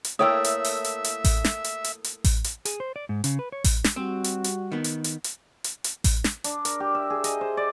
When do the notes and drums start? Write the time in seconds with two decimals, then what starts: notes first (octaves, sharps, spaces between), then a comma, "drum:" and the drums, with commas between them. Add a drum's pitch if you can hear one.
0.05 drum: hi-hat
0.19 A3 A#3 E4 C#5 E5 G5 D#6 E6
0.44 drum: hi-hat
0.64 drum: open hi-hat
0.84 drum: hi-hat
1.04 drum: hi-hat
1.24 drum: kick A1, open hi-hat
1.44 drum: snare
1.64 drum: hi-hat
1.84 drum: hi-hat
2.04 drum: hi-hat
2.24 drum: kick A1, open hi-hat
2.44 drum: hi-hat
2.65 G#4, drum: hi-hat
2.80 C5
2.96 D5
3.09 G#2
3.24 C#3, drum: hi-hat
3.39 B4
3.52 C#5
3.64 drum: kick A1, open hi-hat
3.84 drum: snare
3.96 G3 C4 F#4
4.24 drum: hi-hat
4.44 drum: hi-hat
4.72 D#3 B3
4.84 drum: hi-hat
5.04 drum: hi-hat
5.24 drum: hi-hat
5.64 drum: hi-hat
5.84 drum: hi-hat
6.04 drum: kick A1, open hi-hat
6.24 drum: snare
6.44 D4, drum: hi-hat
6.65 A#4, drum: hi-hat
6.80 G4
6.95 E5
7.10 G#4
7.24 D#5, drum: hi-hat
7.41 C5
7.57 D5